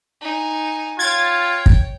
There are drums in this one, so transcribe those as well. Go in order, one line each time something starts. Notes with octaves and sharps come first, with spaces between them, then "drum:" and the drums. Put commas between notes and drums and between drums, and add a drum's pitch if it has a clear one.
D#4 G#5
F4 C#5 G5 G#6 A6
drum: kick